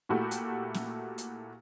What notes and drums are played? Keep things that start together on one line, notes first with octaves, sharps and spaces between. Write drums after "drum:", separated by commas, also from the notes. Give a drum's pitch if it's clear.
A#2 A3 E4 F#4 G4
drum: hi-hat
drum: snare
drum: hi-hat